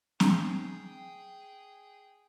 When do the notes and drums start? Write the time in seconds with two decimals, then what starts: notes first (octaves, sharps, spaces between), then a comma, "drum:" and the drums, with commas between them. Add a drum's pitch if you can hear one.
0.20 G#4 G5, drum: snare C4